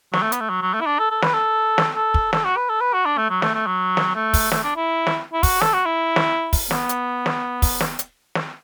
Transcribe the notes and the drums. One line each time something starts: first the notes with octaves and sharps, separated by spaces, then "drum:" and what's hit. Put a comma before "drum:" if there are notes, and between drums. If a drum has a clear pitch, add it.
F#3, drum: snare
A3
B3, drum: hi-hat
A3
F#3
F#3
A3
E4
D4
A4
A4
B4, drum: snare
A4
drum: snare
A4
drum: kick
A4, drum: snare
F#4
B4
A4
B4
F#4
D4
A3
F#3
A3, drum: snare
A3
F#3
drum: snare
A3
drum: kick, open hi-hat
A3, drum: snare
D4
E4
drum: snare
E4
F#4, drum: kick, open hi-hat
A4, drum: snare
F#4
E4
drum: snare
drum: kick, open hi-hat
B3, drum: snare
drum: hi-hat
drum: snare
drum: kick, open hi-hat
drum: snare
drum: hi-hat
drum: snare